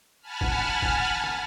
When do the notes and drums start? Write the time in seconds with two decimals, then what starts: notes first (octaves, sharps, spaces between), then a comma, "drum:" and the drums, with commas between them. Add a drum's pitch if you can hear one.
0.20 F#5 G#5 A5 B5 F6
0.41 drum: kick A1
0.62 drum: rim click
0.82 drum: kick A1
1.24 drum: rim click